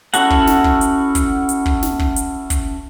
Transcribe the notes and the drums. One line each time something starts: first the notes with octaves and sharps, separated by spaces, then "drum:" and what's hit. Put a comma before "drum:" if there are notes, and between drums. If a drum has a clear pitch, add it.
C#4 E4 F#4 A4 F#5, drum: hi-hat
drum: kick
drum: snare
drum: kick
drum: hi-hat
drum: kick, hi-hat
drum: hi-hat
drum: kick
drum: snare
drum: kick
drum: hi-hat
drum: kick, hi-hat